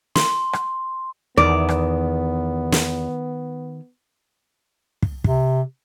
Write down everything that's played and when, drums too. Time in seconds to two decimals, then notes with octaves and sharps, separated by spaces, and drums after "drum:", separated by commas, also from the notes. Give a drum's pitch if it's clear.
0.16 C6, drum: snare
0.53 drum: rim click
1.37 E2 D#3 B3 D5
1.69 drum: rim click
2.72 drum: snare
5.03 drum: kick
5.24 C3, drum: kick